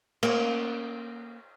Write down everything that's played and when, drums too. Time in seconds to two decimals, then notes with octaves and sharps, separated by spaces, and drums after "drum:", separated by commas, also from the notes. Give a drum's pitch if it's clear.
0.23 A#3 C#4, drum: cymbal